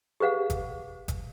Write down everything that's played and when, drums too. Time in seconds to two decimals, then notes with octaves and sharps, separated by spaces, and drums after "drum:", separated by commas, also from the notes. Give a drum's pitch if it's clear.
0.20 G4 G#4 B4 F5 F#5
0.50 drum: kick G1, hi-hat
1.08 drum: kick G1, hi-hat